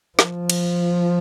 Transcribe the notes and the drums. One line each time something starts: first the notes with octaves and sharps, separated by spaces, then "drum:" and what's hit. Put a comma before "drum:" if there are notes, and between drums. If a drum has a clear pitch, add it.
F3, drum: snare
drum: cymbal